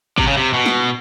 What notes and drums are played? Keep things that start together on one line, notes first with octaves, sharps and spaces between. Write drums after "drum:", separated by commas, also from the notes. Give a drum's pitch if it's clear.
C3, drum: kick
C#3
C3
B2
drum: snare